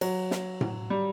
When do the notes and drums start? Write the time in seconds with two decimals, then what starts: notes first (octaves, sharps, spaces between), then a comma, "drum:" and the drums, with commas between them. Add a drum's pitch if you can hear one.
0.01 F#3, drum: cymbal
0.31 drum: snare
0.61 drum: tom A2
0.90 G3